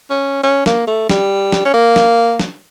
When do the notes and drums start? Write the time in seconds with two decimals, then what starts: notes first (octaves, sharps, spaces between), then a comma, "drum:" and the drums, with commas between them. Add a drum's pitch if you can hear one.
0.10 C#4
0.43 C#4
0.66 A#3, drum: snare
0.87 A3
1.09 G3, drum: snare
1.52 drum: snare
1.65 C#4
1.74 A#3
1.96 drum: snare
2.40 drum: snare